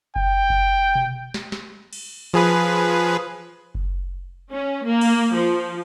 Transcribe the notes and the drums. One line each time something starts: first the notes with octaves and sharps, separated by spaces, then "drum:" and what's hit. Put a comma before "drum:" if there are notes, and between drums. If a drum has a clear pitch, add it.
G5, drum: kick F#1
drum: kick F#1
drum: tom B2
drum: snare
drum: snare
drum: cymbal
F3 G#4 B4
drum: kick F#1
C#4
A#3
drum: cymbal
F3